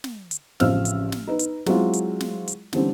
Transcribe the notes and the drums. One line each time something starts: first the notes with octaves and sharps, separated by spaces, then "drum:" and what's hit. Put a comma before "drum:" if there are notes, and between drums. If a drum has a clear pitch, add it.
drum: snare
drum: hi-hat
A1 C#3 F3 C4 E6 F6, drum: snare
drum: hi-hat
drum: snare
D#4 B4
drum: hi-hat
F#3 G#3 C4 E4 F4, drum: snare
drum: hi-hat
drum: snare
drum: hi-hat
D3 E3 G3 C4 C#4, drum: snare